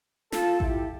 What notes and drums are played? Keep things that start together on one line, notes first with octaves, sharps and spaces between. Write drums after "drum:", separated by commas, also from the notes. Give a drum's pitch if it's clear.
F4 A4, drum: snare
E4 G4, drum: kick A1